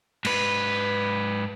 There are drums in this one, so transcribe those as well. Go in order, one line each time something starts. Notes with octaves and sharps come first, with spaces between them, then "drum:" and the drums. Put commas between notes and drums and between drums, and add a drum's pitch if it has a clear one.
G#2 B4, drum: cymbal